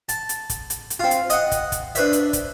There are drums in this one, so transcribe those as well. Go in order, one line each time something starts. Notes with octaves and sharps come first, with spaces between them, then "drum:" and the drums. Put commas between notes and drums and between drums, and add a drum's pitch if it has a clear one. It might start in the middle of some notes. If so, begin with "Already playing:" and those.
A5, drum: hi-hat
drum: hi-hat
drum: kick, hi-hat
drum: hi-hat
drum: hi-hat
C4 F4
drum: hi-hat
D#5 F#5, drum: hi-hat
drum: kick, hi-hat
drum: kick, hi-hat
D4 B4 C5 E5, drum: hi-hat
drum: hi-hat
drum: kick, hi-hat